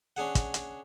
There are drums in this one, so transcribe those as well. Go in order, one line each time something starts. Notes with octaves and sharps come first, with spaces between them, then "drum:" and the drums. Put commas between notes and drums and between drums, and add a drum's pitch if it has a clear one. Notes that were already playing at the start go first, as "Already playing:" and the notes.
C#4 D4 G#4 F#5
drum: kick, hi-hat
drum: hi-hat